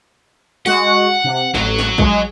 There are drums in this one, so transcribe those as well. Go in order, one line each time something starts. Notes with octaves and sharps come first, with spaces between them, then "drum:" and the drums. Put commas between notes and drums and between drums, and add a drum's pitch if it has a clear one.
G#3 F#4 F#5, drum: open hi-hat
C3
A1 F#3, drum: snare
drum: snare
G#3, drum: kick A#1